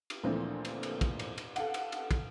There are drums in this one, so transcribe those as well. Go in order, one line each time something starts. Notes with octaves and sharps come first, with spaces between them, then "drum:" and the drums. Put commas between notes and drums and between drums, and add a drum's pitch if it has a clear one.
drum: cymbal
D2 A#2 E3 F3 A3 C4
drum: cymbal
drum: cymbal
drum: kick, cymbal
drum: cymbal
drum: cymbal
A4 F5 F#5, drum: cymbal
drum: cymbal
drum: cymbal
drum: kick, cymbal